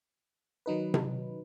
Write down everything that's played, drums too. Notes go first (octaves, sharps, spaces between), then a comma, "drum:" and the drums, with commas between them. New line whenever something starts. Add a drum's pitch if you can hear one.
D#3 F#3 D#4 B4
drum: tom C3